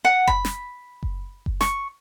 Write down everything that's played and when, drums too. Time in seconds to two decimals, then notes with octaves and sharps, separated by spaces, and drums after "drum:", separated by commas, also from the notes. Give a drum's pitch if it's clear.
0.05 F#5
0.27 B5, drum: kick F#1
0.45 drum: snare
1.03 drum: kick F#1
1.46 drum: kick F#1
1.61 C#6, drum: snare